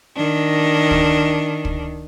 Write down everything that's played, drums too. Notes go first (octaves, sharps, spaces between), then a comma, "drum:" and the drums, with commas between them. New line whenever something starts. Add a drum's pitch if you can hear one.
D#3 D4
drum: kick
drum: kick